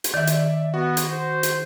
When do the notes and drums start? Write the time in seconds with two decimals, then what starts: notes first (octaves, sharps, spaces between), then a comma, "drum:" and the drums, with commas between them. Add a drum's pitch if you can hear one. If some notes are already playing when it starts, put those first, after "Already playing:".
0.04 drum: hi-hat
0.14 D#3 D5 E5
0.27 drum: hi-hat
0.74 B3 F#4
0.97 drum: hi-hat
1.09 C5
1.43 drum: hi-hat